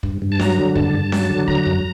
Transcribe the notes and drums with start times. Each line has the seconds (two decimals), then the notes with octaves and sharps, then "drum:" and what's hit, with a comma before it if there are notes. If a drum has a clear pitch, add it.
0.03 G2, drum: kick
0.22 G2
0.32 A5
0.39 F#3 A#5, drum: snare C#4
0.58 D3
0.75 G2 A5, drum: kick
0.94 G2
1.12 F#3, drum: snare C#4
1.30 D3
1.48 F#3 A#5, drum: kick
1.66 F#2